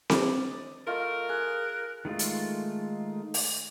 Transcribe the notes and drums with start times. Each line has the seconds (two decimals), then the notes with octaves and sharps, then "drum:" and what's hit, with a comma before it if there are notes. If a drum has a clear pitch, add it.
0.10 D4 D5, drum: snare C4
0.49 D#5
0.87 A3 F4 A#4 D#5
1.29 G#4 F#6
2.05 D#3 G#3 A3 F4
2.19 drum: hi-hat
3.34 drum: open hi-hat